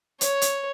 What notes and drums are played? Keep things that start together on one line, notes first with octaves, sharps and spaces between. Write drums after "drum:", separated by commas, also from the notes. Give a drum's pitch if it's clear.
C#5, drum: hi-hat
drum: hi-hat